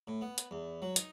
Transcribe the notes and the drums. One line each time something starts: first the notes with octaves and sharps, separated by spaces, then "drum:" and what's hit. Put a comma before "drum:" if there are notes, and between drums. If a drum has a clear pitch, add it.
A2
B3
drum: hi-hat
E2
F#3
D#4, drum: hi-hat